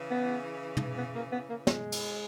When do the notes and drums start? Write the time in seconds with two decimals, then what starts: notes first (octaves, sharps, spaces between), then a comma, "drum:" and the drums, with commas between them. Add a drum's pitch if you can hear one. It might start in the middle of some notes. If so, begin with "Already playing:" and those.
Already playing: C#3 E3
0.11 B3
0.77 drum: tom
0.98 B3
1.15 A#3
1.32 B3
1.50 A#3
1.67 G#3, drum: snare
1.92 drum: cymbal